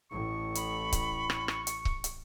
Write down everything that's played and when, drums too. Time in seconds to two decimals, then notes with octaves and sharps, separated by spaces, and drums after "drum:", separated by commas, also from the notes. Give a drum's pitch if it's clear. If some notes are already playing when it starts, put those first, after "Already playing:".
0.11 A1 A2 C#6
0.55 B5, drum: hi-hat
0.92 drum: kick C#1, hi-hat
1.30 drum: rim click
1.48 drum: rim click
1.67 drum: hi-hat
1.85 drum: kick C#1
2.04 drum: hi-hat